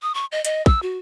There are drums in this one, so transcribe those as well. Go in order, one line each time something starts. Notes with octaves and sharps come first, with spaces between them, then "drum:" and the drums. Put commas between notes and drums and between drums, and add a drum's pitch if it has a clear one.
D#6
C#6
D#5
D#5, drum: hi-hat
E6, drum: kick
F#4